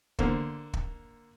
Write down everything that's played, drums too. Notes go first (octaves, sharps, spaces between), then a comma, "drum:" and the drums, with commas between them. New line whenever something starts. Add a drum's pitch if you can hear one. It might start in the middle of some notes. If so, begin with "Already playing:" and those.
D3 A#3 C5, drum: kick
drum: kick